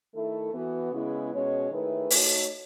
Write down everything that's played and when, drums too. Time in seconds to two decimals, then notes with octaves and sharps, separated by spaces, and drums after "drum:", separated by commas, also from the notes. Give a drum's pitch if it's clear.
0.13 D#3 A3 E4 A4
0.52 E3 B3 F#4
0.92 C#3 G#3 B3 E4
1.32 B2 G#3 C#4 F#4 C#5
1.71 D#3 A3 E4 G#4 B4
2.10 A3 D#4 F#4 A4 C#5, drum: open hi-hat